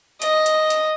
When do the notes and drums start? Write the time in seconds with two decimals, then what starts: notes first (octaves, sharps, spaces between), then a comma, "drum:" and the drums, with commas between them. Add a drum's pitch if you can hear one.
0.22 D#5, drum: hi-hat
0.46 drum: hi-hat
0.70 drum: hi-hat